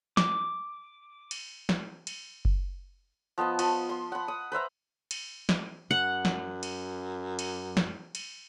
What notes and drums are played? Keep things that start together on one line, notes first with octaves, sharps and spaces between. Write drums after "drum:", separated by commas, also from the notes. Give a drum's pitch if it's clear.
D6, drum: snare
drum: cymbal
drum: snare
drum: cymbal
drum: kick F#1
F3 B3 D#5 A5
F3, drum: cymbal
C6
F#5 B5
D#6
B4 C5 E5 A#5
drum: cymbal
drum: snare
F#2 F#5
drum: snare
drum: cymbal
drum: cymbal
drum: snare
drum: cymbal